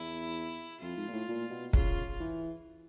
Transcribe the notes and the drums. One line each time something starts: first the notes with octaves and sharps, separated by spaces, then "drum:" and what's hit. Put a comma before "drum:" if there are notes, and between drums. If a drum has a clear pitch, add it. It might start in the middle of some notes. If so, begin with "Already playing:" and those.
Already playing: E2 E4
F2 F4
G#2
A#2
A2
A#2
B2
C#3 F4, drum: kick
E3